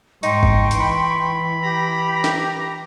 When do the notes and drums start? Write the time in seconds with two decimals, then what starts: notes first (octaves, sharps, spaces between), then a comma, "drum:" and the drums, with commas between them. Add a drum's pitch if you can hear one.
0.23 G#2 D#4 G5 C6 C#6, drum: hi-hat
0.43 drum: kick
0.71 drum: hi-hat
0.80 E3 B5
1.62 G4 A#5
2.24 drum: snare